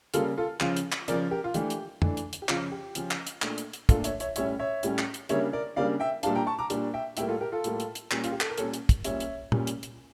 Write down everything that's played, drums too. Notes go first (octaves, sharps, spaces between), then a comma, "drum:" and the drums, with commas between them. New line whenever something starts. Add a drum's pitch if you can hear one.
C#3 G3 A#3 F4 A4, drum: hi-hat
F4 A4
C#3 F3 C#4 F4, drum: clap
drum: hi-hat
drum: clap
C#3 F3 C#4 A#4 D5, drum: hi-hat
G4 A#4
F4
E3 A3 D4 G4, drum: hi-hat
drum: hi-hat
E3 A3 D4, drum: tom
drum: hi-hat
drum: hi-hat
G4
C#3 F3 C#4 F4, drum: clap
G4
C#3 F3 C#4, drum: hi-hat
drum: clap
drum: hi-hat
A#2 A3 D4, drum: clap
drum: hi-hat
drum: hi-hat
A#2 A3 D4 F4 A4, drum: kick, hi-hat
C#5 E5, drum: hi-hat
C#5 E5, drum: hi-hat
A2 G3 C#4 C#5 E5, drum: hi-hat
C#5 E5
A2 G3 C#4, drum: hi-hat
drum: clap
drum: hi-hat
C#3 G3 A#3 D4 C#5 E5, drum: hi-hat
A#4 D5
C#3 G3 A#3 D4 D5 F5
E5 G5
A#2 G3 D4 F5 A5, drum: hi-hat
G5 A#5
A5 C#6
A#5 D6
A#2 G3 D4, drum: hi-hat
E5 G5
A2 G3 A#3 E5 G5, drum: hi-hat
F4 A4
G4 A#4
F4 A4
A2 G3 A#3, drum: hi-hat
drum: hi-hat
drum: hi-hat
A#2 G3 C#4, drum: clap
F4, drum: hi-hat
G4
A4, drum: clap
A#4
A#2 G3 C#4 A4 C#5, drum: hi-hat
drum: hi-hat
drum: kick, hi-hat
A#2 G3 C#4 C#5 E5, drum: hi-hat
drum: hi-hat
A#2 G3 C#4, drum: tom
drum: hi-hat
drum: hi-hat